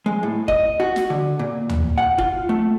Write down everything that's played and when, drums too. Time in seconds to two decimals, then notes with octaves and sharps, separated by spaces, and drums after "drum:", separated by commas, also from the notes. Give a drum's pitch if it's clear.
0.06 G#3
0.23 A2
0.48 D#5, drum: kick F1
0.80 F#4
0.96 drum: snare
1.10 D3
1.39 A#2
1.69 drum: tom
1.98 F#5
2.18 F4, drum: kick F1
2.49 A3